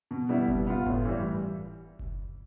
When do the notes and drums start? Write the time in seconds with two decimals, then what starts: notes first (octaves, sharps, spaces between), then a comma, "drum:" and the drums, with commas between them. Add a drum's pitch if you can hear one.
0.11 B2
0.29 G3 B3 E4
0.48 B2, drum: kick F#1
0.67 B3 F4
0.86 A2, drum: kick F#1
1.05 E3 G3
1.99 drum: kick F#1